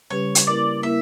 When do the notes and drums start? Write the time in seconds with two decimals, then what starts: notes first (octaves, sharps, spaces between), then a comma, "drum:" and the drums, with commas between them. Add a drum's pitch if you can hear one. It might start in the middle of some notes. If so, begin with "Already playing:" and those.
0.10 C#3 G3 C#4 G4 B4 C#5
0.35 drum: hi-hat
0.47 A#3 E4 A#4 D5
0.83 A#3 E4 A#4 E5